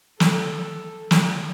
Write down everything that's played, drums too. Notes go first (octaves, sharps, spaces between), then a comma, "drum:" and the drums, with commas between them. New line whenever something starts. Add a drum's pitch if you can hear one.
A4, drum: snare
drum: snare